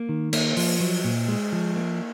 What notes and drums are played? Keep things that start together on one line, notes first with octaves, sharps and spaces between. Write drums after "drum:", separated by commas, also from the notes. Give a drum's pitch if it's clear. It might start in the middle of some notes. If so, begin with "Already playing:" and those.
Already playing: A#3
D#3
A#3, drum: cymbal
F3, drum: open hi-hat
F#3
A#2
G#3
F3
A#3